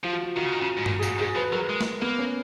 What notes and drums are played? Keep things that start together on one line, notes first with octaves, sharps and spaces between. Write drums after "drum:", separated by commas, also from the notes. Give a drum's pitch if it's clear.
F3 F4
F#4
F4
D#3 F#4
C#3
D#3
C#3
G#2
A#2, drum: tom G2
G#4
A#2 F#4, drum: tambourine
G#2 G#4
F3 B4
F#3 A#4
G#3
drum: snare
A#3 B3
C#4